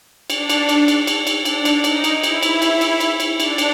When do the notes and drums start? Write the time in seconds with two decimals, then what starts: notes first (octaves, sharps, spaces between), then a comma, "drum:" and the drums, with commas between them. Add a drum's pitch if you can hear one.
0.30 D4, drum: cymbal
0.49 drum: cymbal
0.69 drum: cymbal
0.88 drum: cymbal
1.07 drum: cymbal
1.27 drum: cymbal
1.45 D4, drum: cymbal
1.65 drum: cymbal
1.84 D#4, drum: cymbal
2.04 drum: cymbal
2.24 E4, drum: cymbal
2.43 drum: cymbal
2.62 drum: cymbal
2.81 drum: cymbal
3.00 drum: cymbal
3.20 drum: cymbal
3.40 D4, drum: cymbal
3.58 drum: cymbal